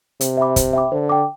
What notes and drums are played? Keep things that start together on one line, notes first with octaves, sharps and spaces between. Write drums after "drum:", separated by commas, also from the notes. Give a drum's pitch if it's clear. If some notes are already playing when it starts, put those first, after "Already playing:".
C3 C5, drum: hi-hat
E5 G5 B5 D6
C5, drum: kick, hi-hat
E5 G5 B5 D6
D3 C5
G5 D6